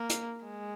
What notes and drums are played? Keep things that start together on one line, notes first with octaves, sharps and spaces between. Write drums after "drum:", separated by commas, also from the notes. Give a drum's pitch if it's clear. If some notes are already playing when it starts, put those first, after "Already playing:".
Already playing: A#3
drum: hi-hat
G#3